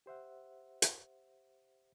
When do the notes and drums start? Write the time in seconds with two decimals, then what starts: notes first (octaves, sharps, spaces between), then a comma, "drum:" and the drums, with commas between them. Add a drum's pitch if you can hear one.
0.06 G4 C5 E5 F#5
0.82 drum: hi-hat